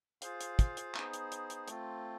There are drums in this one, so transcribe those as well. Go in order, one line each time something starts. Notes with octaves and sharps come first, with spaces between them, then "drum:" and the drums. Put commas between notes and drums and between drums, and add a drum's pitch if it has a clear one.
F4 G#4 C5 F5, drum: hi-hat
drum: hi-hat
drum: kick, hi-hat
drum: hi-hat
B3 D#4 G#4 C5, drum: clap
drum: hi-hat
drum: hi-hat
drum: hi-hat
A3 C4 F4, drum: hi-hat